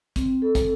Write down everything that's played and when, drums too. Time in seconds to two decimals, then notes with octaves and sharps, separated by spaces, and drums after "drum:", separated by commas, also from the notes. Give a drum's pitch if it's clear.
0.16 C4, drum: kick, hi-hat
0.42 A4
0.55 drum: kick, hi-hat